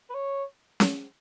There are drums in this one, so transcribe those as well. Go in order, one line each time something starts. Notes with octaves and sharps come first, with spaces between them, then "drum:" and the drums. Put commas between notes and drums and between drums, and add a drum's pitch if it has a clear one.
B4
C#5
drum: snare C#4